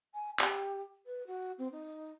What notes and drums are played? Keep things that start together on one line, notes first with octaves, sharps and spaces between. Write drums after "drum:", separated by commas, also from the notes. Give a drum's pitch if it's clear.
G#5
G4, drum: clap
B4
F#4
C4
D#4